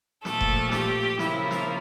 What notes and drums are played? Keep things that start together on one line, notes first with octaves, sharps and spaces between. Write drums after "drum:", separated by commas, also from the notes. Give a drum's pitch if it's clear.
A#2 F3 A3 A4, drum: snare
drum: kick E1
G4, drum: snare
C#3 F3 A#3 E4, drum: snare
drum: snare